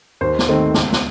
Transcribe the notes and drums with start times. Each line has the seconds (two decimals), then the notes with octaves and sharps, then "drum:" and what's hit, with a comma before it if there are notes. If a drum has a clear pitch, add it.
0.21 D#2 C5
0.39 drum: snare
0.48 D#3 A3 C4
0.74 C#2, drum: snare
0.92 drum: snare